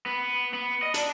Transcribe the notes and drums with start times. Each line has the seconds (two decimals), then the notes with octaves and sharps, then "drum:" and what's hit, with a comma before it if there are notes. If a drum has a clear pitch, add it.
0.06 B3
0.53 B3
0.83 D#5
0.94 D4, drum: hi-hat